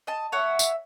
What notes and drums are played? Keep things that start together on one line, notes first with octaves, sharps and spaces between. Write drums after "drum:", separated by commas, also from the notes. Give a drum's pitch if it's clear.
D#5 A5
C#5 E5 F#5
drum: tambourine